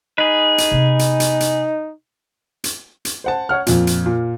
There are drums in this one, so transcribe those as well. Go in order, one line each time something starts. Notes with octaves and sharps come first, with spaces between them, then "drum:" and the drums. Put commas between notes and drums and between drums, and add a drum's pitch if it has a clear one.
D#4 G#4 B4
drum: hi-hat
C3 B3
drum: hi-hat
drum: hi-hat
drum: hi-hat
drum: hi-hat
drum: hi-hat
C5 F#5 A5
C#5 F#5 F6
F2 A#2, drum: hi-hat
drum: hi-hat
A#2